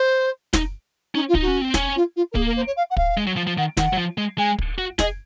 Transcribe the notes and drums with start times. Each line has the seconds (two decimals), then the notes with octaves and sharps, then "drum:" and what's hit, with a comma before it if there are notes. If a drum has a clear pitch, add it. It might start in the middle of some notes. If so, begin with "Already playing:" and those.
Already playing: C5
0.53 D#4, drum: snare
1.14 C#4 D#4
1.28 F4
1.35 D#4, drum: kick
1.41 F#4
1.48 C#4
1.61 C4
1.74 C#4, drum: snare
1.96 F4
2.16 F4
2.32 A#4
2.35 A#3 G#4, drum: kick
2.46 A#4
2.56 C5
2.66 C#5
2.76 F5
2.90 F#5
2.97 F5, drum: kick
3.17 G#3
3.27 F#3
3.37 F3
3.47 F3
3.57 D#3 F#5
3.77 D#3 F#5, drum: snare
3.93 F#3
3.98 F3
4.18 G#3
4.38 G#3 G#5
4.58 drum: kick
4.78 F#4
4.99 G#4 D#5, drum: snare